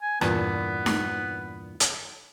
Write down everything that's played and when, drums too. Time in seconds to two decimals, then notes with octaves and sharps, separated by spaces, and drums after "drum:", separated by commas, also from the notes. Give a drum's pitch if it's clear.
0.02 G#5
0.21 E2 G2 A#2 B3, drum: rim click
0.86 drum: snare D#4
1.80 drum: hi-hat